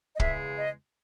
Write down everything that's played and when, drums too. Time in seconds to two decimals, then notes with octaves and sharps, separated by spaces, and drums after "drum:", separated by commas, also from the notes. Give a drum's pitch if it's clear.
0.17 D#5
0.20 E2 C#3 G#3 E5, drum: kick
0.58 D#5